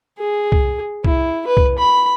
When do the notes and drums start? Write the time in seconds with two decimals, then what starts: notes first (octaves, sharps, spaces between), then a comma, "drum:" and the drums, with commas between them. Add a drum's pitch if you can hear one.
0.19 G#4
0.52 drum: kick C2
1.04 E4, drum: kick C2
1.47 B4
1.57 drum: kick C2
1.78 B5